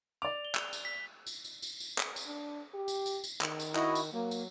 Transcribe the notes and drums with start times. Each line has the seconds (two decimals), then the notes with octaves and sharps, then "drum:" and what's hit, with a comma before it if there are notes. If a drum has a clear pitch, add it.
0.22 D5 D6 F7
0.45 G7
0.55 drum: clap
0.73 drum: tambourine
0.85 B6
1.27 drum: tambourine
1.45 drum: tambourine
1.62 drum: tambourine
1.80 drum: tambourine
1.98 drum: clap
2.16 drum: tambourine
2.27 D4
2.74 G4
2.88 drum: tambourine
3.06 drum: tambourine
3.24 drum: tambourine
3.41 D#3, drum: clap
3.60 drum: tambourine
3.75 E4 F#4 D#5, drum: clap
3.95 drum: tambourine
4.13 F#3 A#3
4.31 drum: tambourine